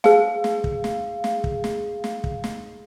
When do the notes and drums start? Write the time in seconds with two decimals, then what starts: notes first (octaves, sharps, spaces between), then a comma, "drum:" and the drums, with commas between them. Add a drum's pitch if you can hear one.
0.04 G#4 F5, drum: snare
0.44 drum: snare
0.64 drum: kick
0.84 drum: snare
1.24 drum: snare
1.44 drum: kick
1.64 drum: snare
2.04 drum: snare
2.24 drum: kick
2.44 drum: snare